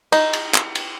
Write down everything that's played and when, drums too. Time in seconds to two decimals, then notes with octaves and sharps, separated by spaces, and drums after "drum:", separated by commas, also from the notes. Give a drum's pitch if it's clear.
0.12 D#4, drum: cymbal
0.33 drum: cymbal
0.54 drum: clap
0.75 drum: cymbal